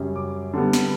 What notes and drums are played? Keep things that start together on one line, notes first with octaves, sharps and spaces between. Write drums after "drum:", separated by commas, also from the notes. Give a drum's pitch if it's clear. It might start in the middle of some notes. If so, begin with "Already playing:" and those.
Already playing: F#2 C#3 G3 C#4
D6
D3 G3 B3
drum: snare